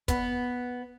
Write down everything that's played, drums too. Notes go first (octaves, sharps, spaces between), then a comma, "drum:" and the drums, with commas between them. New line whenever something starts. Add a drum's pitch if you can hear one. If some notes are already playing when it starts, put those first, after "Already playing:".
B3, drum: kick, hi-hat